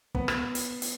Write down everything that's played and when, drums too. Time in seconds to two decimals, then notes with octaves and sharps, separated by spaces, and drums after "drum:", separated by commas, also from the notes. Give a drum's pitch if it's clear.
0.15 B3, drum: kick
0.28 drum: rim click
0.55 drum: hi-hat
0.82 drum: hi-hat